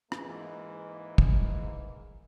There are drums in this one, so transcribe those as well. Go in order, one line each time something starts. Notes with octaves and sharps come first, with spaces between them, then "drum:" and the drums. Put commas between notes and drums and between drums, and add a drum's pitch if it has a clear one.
G#2 E3 G#3 A#3, drum: rim click
drum: kick